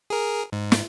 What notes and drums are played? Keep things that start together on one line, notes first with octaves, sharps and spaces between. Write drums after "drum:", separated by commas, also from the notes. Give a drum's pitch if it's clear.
G#4 A#4
G#2
drum: snare